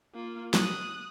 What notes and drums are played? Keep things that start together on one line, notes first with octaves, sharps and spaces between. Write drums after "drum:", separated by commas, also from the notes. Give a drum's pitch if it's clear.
A#3 F4
D#6 F#6, drum: snare